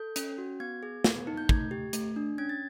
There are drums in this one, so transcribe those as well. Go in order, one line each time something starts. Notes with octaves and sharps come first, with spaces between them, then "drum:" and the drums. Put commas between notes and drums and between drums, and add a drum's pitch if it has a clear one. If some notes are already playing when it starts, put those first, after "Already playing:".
Already playing: A4 G6
C#4, drum: hi-hat
F#4
B3 G#6
G#4
B3, drum: snare
D#4
G6
A3 G#6, drum: kick
G4
A3, drum: hi-hat
D4
C#4 G#6
A6